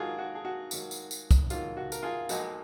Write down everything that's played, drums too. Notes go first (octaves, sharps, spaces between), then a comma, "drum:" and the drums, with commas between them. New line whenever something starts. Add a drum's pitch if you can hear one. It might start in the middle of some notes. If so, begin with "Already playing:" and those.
Already playing: G#2 D#3 F#3 F4 F#4 G#4 A#4
F#4
G#4
F#4
G#2 D#3 F#3, drum: tambourine
drum: tambourine
drum: tambourine
drum: kick, tambourine
G#2 D#3 F#3 F4, drum: tambourine
F#4
A#4, drum: tambourine
F4 G#4
B1 A#2 F3 G#3 D#4 F#4, drum: tambourine